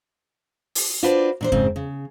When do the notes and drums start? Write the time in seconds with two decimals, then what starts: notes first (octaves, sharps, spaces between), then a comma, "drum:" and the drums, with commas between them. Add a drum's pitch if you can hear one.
0.75 drum: open hi-hat
1.03 D4 F4 F#4 B4 C5 D5
1.41 A#2 D4 C5
1.52 G#2 C#3 C4, drum: kick F2
1.76 C#3